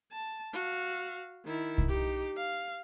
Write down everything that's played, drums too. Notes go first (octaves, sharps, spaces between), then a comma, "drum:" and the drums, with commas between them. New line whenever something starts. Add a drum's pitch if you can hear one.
A5
F#4 F5
D#3 E4
drum: kick C2
D#4 G4
F5